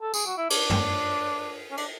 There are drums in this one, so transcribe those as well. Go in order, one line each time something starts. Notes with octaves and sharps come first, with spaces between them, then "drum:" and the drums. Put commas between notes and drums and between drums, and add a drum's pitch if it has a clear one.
A4
G#4, drum: tambourine
F#4
E4
D4, drum: cymbal
drum: tom
C#4
D4, drum: cymbal